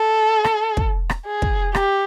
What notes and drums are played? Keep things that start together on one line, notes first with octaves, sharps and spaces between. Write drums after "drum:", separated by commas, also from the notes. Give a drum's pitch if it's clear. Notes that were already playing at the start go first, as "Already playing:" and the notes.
Already playing: A4
drum: rim click
drum: kick
drum: rim click
G#4
drum: kick
G4, drum: rim click